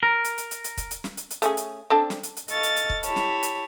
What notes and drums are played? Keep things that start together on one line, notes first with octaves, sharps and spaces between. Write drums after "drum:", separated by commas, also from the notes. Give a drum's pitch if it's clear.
A#4
drum: hi-hat
drum: hi-hat
drum: hi-hat
drum: hi-hat
drum: kick, hi-hat
drum: hi-hat
drum: snare
drum: hi-hat
drum: hi-hat
A3 C#4 G#4, drum: hi-hat
drum: hi-hat
C4 D4 A4
drum: snare
drum: hi-hat
drum: hi-hat
A4 D#5 F5 C#6 A6, drum: hi-hat
drum: hi-hat
drum: hi-hat
drum: kick
E4 G4 C#5 A5 B5, drum: hi-hat
drum: snare
drum: hi-hat